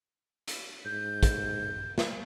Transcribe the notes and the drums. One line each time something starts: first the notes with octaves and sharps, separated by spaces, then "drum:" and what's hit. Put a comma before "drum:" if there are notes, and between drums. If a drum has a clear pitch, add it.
drum: hi-hat
G#2 G6
drum: kick, hi-hat
drum: snare